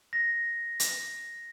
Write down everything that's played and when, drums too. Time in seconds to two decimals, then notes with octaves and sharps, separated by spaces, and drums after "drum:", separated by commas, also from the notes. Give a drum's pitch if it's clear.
0.13 A#6
0.80 drum: hi-hat